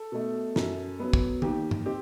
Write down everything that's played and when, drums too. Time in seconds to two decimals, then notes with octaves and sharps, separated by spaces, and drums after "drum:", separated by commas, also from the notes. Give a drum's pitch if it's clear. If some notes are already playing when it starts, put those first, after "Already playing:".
Already playing: A4
0.12 B2 A3
0.56 F#2, drum: snare
1.00 F#3 B3
1.13 drum: kick
1.42 D#2 G4, drum: tom
1.71 drum: tom
1.86 C4 G4